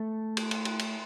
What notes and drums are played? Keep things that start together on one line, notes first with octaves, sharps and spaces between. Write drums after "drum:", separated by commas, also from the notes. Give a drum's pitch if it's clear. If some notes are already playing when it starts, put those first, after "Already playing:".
Already playing: A3 A4
drum: cymbal
drum: cymbal
drum: cymbal
drum: cymbal